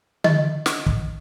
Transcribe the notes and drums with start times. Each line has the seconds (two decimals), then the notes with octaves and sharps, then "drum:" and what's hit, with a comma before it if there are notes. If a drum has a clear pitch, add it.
0.24 D#5, drum: tom D3
0.66 drum: snare
0.86 drum: kick